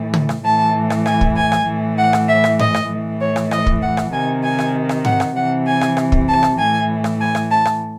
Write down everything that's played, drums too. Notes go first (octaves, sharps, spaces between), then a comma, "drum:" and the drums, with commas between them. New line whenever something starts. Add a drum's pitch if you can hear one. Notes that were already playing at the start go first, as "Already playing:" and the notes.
Already playing: A2 E3
drum: tom
drum: rim click
A2 E3 A5
drum: rim click
G#5, drum: rim click
drum: kick
G#5
drum: rim click
A2 E3
F#5
drum: rim click
E5
drum: rim click
D#5, drum: tom G#2
drum: rim click
A2 E3
C#5
drum: rim click
D#5, drum: rim click
drum: kick
F#5
drum: rim click
C3 D#3 G#5
G#5
drum: rim click
drum: rim click
F#5, drum: tom G#2
drum: rim click
C3 E3 F#5
G#5
drum: rim click
drum: rim click
drum: kick
A5
drum: rim click
A2 E3 G#5
drum: rim click
G#5
drum: rim click
A5
drum: rim click